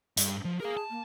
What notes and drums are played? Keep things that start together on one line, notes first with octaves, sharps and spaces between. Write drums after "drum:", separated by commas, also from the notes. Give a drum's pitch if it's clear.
G2, drum: hi-hat
F3
G#4 A#4 F5
A5
A#3